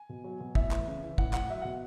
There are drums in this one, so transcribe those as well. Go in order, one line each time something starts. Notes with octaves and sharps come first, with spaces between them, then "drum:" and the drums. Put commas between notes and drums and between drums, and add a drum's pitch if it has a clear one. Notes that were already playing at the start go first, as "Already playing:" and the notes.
Already playing: G#5
B2
F#3
B2
A2 E5, drum: kick
E3, drum: clap
C#3
E3
A2 F#5, drum: kick
A2 F#5, drum: clap
F#3 E5
B2 F#5